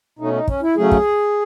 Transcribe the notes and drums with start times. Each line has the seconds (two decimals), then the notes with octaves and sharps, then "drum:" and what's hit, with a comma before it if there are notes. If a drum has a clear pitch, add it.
0.19 B2 A3 C#4 D#4
0.33 D#4
0.48 C#4, drum: kick
0.62 E4
0.76 C#3 F#3 A3 C#4 G#4
0.91 drum: kick